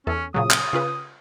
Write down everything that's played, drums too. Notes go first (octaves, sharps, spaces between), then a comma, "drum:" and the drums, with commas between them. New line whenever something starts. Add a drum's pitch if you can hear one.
E2 C#4 A4
A#2 C#3 F#3 D#6
drum: clap
C#3 F4 B4